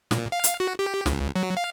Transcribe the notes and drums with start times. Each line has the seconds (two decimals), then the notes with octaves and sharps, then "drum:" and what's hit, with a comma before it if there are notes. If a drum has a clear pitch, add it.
0.11 A#2, drum: snare
0.32 F5
0.44 drum: hi-hat
0.60 F#4
0.79 G4
1.06 C#2, drum: snare
1.36 F#3
1.57 F5